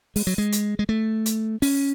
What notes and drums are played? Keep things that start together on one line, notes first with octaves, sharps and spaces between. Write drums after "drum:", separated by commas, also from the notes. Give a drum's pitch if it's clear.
G#3, drum: open hi-hat
F#3
G#3
drum: hi-hat
G#3
A3
drum: hi-hat
C#4, drum: open hi-hat